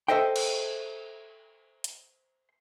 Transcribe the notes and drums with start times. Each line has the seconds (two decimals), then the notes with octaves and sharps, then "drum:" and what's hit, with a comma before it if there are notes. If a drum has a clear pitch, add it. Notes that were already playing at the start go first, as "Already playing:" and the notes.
0.08 A4 C5 D#5 E5 G5
0.36 drum: cymbal
1.84 drum: hi-hat